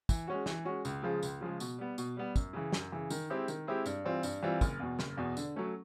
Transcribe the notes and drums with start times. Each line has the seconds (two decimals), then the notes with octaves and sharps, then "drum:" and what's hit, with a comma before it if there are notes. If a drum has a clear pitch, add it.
0.09 E3, drum: kick, tambourine
0.27 G#3 C#4 F#4
0.46 E3, drum: snare
0.65 G#3 C#4 F#4
0.85 C#2, drum: tambourine
1.03 C#3 F3 G#3
1.23 C#2, drum: tambourine
1.41 C#3 F3 G#3
1.60 B2, drum: tambourine
1.78 G3 B3
1.98 B2, drum: tambourine
2.17 G3 B3
2.36 F#2, drum: kick, tambourine
2.53 C#3 E3
2.72 F#2, drum: snare
2.92 C#3 E3
3.10 D#3, drum: tambourine
3.30 G#3 C4 E4 G4
3.48 D#3, drum: tambourine
3.67 G#3 C4 E4 G4
3.86 G2, drum: tambourine
4.04 E3 G3 C4 F4
4.23 G2, drum: tambourine
4.42 E3 G3 C4 F4
4.61 F#1, drum: kick, tambourine
4.80 E2 B2
4.99 F#1, drum: snare
5.17 E2 B2
5.37 D3, drum: tambourine
5.56 F#3 A3 C#4